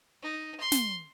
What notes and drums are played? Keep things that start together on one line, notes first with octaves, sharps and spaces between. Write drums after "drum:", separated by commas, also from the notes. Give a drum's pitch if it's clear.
D#4
C6
drum: snare